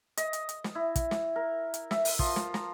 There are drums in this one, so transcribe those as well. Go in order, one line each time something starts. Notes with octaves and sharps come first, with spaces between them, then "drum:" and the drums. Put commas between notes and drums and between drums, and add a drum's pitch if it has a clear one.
D#5, drum: hi-hat
drum: hi-hat
drum: hi-hat
drum: snare
E4
drum: kick, hi-hat
drum: snare
A#4
drum: hi-hat
E5, drum: snare
drum: open hi-hat
F3, drum: kick
drum: snare
A#5, drum: snare